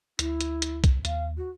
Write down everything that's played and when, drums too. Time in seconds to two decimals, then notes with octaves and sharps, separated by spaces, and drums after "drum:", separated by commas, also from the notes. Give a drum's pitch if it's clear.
0.19 D2 E4, drum: hi-hat
0.41 drum: hi-hat
0.62 drum: hi-hat
0.84 drum: kick B1, hi-hat
1.05 D#2 F5, drum: hi-hat
1.37 F#4